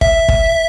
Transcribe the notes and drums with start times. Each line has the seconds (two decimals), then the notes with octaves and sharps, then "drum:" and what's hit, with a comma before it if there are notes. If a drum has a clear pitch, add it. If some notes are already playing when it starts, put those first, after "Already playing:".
0.01 E5, drum: kick
0.29 drum: kick